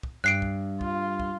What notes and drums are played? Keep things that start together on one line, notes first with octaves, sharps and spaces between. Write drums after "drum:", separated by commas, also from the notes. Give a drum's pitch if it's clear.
drum: kick
G2 F#6 C7 D7
drum: kick
F4, drum: kick
drum: kick